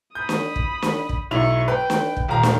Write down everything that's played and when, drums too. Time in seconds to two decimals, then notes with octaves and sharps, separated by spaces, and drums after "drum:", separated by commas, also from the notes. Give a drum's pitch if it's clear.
0.15 B5 D#6 G6
0.29 drum: snare
0.56 drum: kick
0.82 drum: snare
1.09 drum: kick
1.31 B1 E4 C#5 C#6 F7
1.68 B4 G5
1.90 drum: snare
2.17 drum: kick
2.28 D#1 F5 A#5
2.43 drum: snare